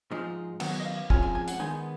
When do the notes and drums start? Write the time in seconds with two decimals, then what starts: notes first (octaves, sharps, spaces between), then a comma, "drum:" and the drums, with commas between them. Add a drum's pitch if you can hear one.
0.11 G#2 F3 G#3 D#4
0.60 F#2 D#3 F#3 B3 F#5, drum: cymbal
0.80 D#5
0.85 F5
1.10 F2 D#3 G#3 C#4 F4 G#5, drum: kick
1.23 G#5
1.35 G#5
1.48 F#5, drum: hi-hat
1.59 D#3 G#3 B3 D#4 G#5